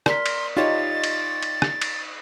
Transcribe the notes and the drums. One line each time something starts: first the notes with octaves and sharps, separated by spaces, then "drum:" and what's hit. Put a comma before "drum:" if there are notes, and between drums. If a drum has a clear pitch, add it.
A#4 D5 C6 B6, drum: rim click
drum: cymbal
D#4 F4 G4 C#5 A6
drum: cymbal
drum: cymbal
drum: rim click
drum: cymbal